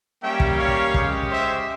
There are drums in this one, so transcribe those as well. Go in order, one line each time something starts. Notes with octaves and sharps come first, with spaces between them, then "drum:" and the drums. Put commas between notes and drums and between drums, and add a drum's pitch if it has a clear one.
G3 A#3 C#4 G4 E5 G5
drum: kick
C#5 F5
G#3 C#4 G4, drum: kick
C5 E5